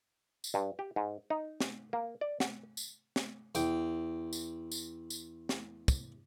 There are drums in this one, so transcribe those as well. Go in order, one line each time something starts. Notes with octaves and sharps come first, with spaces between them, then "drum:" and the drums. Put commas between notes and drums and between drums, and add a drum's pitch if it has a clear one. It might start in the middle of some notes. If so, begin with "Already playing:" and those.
drum: tambourine
G2
G4
G#2
D#4
drum: snare
A#3
D5
F#5, drum: snare
drum: tambourine
drum: snare
E2 G5, drum: tambourine
drum: tambourine
drum: tambourine
drum: tambourine
drum: snare
drum: kick, tambourine